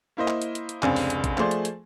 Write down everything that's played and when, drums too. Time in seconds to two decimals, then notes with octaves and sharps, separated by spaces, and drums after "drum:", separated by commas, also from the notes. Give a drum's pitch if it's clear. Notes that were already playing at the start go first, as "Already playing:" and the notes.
0.17 A#3 E4 C5 D#5
0.28 drum: clap
0.42 drum: hi-hat
0.55 drum: hi-hat
0.69 drum: hi-hat
0.82 F1 C#2 C4 D4 G#5, drum: clap
0.96 drum: open hi-hat
1.10 drum: hi-hat
1.24 drum: kick A1, hi-hat
1.38 F3 A3 G#4 C5 D5, drum: clap
1.51 drum: hi-hat
1.65 drum: hi-hat